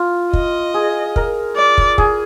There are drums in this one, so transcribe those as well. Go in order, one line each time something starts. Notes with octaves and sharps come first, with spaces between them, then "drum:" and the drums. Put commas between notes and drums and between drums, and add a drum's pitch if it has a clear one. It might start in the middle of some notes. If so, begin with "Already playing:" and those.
Already playing: F4
D#5, drum: kick
G#4
A#4, drum: kick
D5
drum: kick
G#4, drum: kick